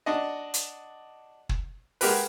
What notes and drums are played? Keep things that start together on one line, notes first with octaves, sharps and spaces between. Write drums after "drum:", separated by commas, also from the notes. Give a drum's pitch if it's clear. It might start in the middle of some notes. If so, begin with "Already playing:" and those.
D4 F#4 D#5
drum: hi-hat
drum: kick
G#3 F#4 G4 A#4 B4, drum: open hi-hat